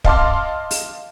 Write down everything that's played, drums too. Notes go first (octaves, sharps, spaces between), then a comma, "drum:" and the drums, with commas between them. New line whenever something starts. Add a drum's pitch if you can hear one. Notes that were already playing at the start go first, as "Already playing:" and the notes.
D#5 F5 A5 C6 D6 F6, drum: kick
drum: open hi-hat